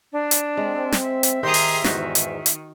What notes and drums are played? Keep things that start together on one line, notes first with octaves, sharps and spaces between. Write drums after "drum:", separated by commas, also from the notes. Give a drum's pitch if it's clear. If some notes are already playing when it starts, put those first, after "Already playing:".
D4
drum: hi-hat
G#3 C4
drum: snare
E5
drum: hi-hat
D#3 D#4 G4 G#4 C5 A#5 C6
drum: open hi-hat
E2 G#2 D#3 F#4 C5, drum: snare
drum: hi-hat
drum: hi-hat